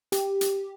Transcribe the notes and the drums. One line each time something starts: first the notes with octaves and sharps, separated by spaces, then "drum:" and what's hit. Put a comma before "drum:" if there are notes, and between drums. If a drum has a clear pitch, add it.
G4, drum: hi-hat
drum: hi-hat